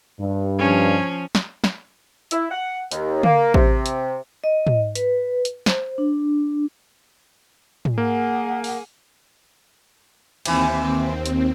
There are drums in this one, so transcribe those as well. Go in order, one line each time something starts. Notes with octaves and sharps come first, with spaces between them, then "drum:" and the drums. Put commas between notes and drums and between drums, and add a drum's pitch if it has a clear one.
G2
F3 C#4
drum: snare
drum: snare
E4, drum: hi-hat
F#5
D#2, drum: hi-hat
A#3, drum: tom
C3, drum: kick A1
drum: hi-hat
D#5
drum: tom
B4, drum: hi-hat
drum: hi-hat
C5, drum: snare
D4
drum: tom
A#3 G#4 F#5
drum: open hi-hat
D#2 C3 E3 C4, drum: cymbal
drum: hi-hat